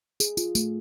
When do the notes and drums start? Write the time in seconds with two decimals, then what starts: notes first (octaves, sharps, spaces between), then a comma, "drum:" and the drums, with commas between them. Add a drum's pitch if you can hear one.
0.20 G#4, drum: tambourine
0.37 F4, drum: tambourine
0.55 A3, drum: tambourine